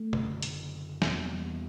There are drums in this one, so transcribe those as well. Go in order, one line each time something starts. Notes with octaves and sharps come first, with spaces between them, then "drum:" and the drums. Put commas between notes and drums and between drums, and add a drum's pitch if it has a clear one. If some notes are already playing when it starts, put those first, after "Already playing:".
Already playing: A3
F#1 F#2 D3, drum: tom
drum: hi-hat
E2 B2 G3 A#3, drum: snare